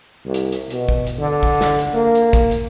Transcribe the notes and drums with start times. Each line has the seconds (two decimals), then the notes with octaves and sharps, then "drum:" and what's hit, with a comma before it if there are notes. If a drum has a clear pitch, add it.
0.25 C2
0.34 drum: hi-hat
0.52 drum: hi-hat
0.70 B2, drum: hi-hat
0.89 drum: kick
1.07 drum: hi-hat
1.19 D3
1.43 drum: kick, open hi-hat
1.61 drum: snare
1.79 drum: hi-hat
1.94 A#3
2.15 drum: hi-hat
2.33 drum: kick, hi-hat
2.51 drum: hi-hat